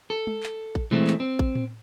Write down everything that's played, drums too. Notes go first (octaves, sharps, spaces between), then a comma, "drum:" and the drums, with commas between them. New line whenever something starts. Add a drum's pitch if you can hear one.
A4
drum: tom G#3
drum: clap
drum: kick A1
E3 G#3 A3 C4, drum: tom A#2
drum: clap
C4
drum: kick A1
drum: tom A2